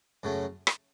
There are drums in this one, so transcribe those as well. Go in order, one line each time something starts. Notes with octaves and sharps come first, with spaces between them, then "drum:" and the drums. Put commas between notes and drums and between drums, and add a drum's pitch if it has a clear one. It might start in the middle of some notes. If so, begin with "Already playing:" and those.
F#2 C#3 F#3 A3
drum: rim click